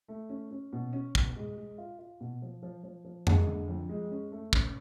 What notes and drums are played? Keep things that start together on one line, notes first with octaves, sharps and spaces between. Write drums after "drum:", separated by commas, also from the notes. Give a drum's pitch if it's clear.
A3
C#4
C#4
B2
C#4
B2, drum: kick
G#3
G#3
F4
F4
B2
F3
F3
F3
F3
G#3, drum: tom F2
D3
F2
G#3
C#4
A3
C#4, drum: kick